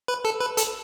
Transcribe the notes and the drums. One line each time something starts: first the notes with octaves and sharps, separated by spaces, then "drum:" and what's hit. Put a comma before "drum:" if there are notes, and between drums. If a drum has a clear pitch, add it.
B4
A4
B4
A4, drum: hi-hat